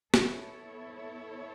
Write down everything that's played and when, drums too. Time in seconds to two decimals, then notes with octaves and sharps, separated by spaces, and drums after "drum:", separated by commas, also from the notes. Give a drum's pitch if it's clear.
0.14 B3 E4 A4 C#5, drum: snare